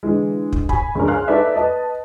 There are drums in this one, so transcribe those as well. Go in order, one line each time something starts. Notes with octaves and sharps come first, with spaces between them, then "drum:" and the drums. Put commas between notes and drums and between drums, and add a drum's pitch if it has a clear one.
D3 E3 G#3
drum: kick
G#5 B5, drum: kick
C#2 D4 A#4
F5 G#5 C6 F#6
D#4 A4 B4 D5 E5
B4 D#5 A5